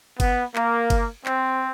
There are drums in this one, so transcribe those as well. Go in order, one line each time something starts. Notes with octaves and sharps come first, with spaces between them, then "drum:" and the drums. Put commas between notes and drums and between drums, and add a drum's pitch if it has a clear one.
B3, drum: kick G1, cymbal
A#3, drum: clap
drum: kick G1, cymbal
C4, drum: clap